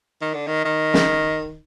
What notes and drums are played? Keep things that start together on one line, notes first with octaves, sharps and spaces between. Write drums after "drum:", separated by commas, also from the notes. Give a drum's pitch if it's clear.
D#3
D3
D#3
D#3
drum: snare